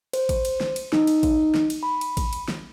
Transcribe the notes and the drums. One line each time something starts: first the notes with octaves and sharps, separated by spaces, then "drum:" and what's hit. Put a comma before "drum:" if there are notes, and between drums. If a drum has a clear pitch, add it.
C5, drum: cymbal
drum: kick A1, cymbal
drum: cymbal
drum: snare
drum: cymbal
D#4, drum: snare
drum: cymbal
drum: kick A1, cymbal
drum: snare
drum: cymbal
B5
drum: cymbal
drum: kick A1, cymbal
drum: cymbal
drum: snare